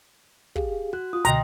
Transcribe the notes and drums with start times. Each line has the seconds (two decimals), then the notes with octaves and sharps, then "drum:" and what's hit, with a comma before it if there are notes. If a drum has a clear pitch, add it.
0.56 G4 G#4 F5, drum: kick
0.93 F#4 F#6
1.13 F4 F#4 D#6
1.25 C#2 B2 D3 D#5 G5 A#5 C6, drum: hi-hat